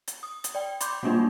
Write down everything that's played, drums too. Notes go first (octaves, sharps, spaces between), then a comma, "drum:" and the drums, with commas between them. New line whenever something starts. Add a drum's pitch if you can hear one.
drum: hi-hat
D#6
drum: hi-hat
D5 G5
B5 C6 D6 G6, drum: hi-hat
G3 G#3 A#3 D4 D#4 F4